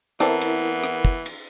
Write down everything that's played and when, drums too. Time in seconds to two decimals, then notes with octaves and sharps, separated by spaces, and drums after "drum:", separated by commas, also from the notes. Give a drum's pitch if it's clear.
0.20 E3 B3 C4 E4 A4 A#4 D5, drum: rim click
0.41 drum: cymbal
0.84 drum: rim click
1.05 drum: kick
1.26 drum: cymbal